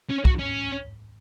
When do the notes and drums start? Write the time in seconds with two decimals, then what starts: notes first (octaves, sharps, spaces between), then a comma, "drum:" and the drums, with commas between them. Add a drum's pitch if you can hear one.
0.11 C#4
0.25 F#4, drum: kick
0.39 C#4